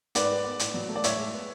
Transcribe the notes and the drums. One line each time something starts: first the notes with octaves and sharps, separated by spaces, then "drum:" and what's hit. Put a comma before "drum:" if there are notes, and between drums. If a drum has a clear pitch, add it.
G#2 B4 D5, drum: hi-hat
G#3
B3
A2, drum: hi-hat
F#3
A3
D5
A2 C#5 E5, drum: hi-hat
G#3
B3